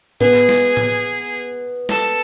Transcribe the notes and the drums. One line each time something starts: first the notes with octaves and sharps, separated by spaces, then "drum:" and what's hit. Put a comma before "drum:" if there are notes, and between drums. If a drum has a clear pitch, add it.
B3 G#4, drum: tom A2
drum: snare
drum: tom
A4, drum: snare